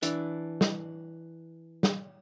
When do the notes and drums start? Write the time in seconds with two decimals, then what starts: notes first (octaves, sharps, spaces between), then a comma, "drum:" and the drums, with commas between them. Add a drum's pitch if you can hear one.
0.03 E3 D4, drum: hi-hat
0.61 drum: snare
1.83 drum: snare